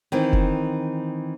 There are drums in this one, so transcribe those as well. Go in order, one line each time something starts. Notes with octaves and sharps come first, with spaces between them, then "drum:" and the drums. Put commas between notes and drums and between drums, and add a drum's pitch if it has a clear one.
D#3 E3 C4
drum: kick F1